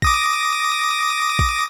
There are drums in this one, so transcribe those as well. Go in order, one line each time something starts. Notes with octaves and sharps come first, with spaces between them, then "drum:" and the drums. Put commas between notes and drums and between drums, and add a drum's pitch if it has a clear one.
D6 D#6 A#6, drum: kick
drum: kick